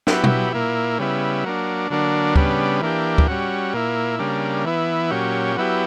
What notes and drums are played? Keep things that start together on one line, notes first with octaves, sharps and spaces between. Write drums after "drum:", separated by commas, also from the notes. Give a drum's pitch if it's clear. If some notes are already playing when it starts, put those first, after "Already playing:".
F#3 B3 E4 G4, drum: snare
drum: tom B2
A#2 A#3 E4
C#3 G3 B3 E4
F#3 A#3 D4
D3 F#3 A#3 D4
C#3 G3 B3 D4, drum: kick
E3 A#3 D4 G4
drum: kick
G3 C#4 F#4
A#2 A#3 E4
C#3 G3 A#3 D4
E3 B3 E4
A#2 F#3 C#4 G4
F#3 B3 E4 G4